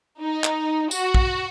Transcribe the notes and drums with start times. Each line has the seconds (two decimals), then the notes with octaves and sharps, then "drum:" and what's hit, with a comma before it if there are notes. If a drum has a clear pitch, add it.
0.21 D#4
0.44 drum: clap
0.91 F#4, drum: tambourine
1.15 drum: kick